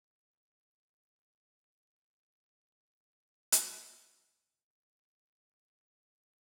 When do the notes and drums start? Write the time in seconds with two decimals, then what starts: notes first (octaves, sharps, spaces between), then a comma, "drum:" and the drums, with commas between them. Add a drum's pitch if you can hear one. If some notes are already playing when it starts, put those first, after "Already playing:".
0.13 C#5
0.26 A#5
0.44 C6
1.01 A3
1.45 E5
1.70 B3
1.87 C5
2.18 D5
2.43 C5
2.58 C5
3.52 drum: hi-hat
3.71 B1 F2 C#3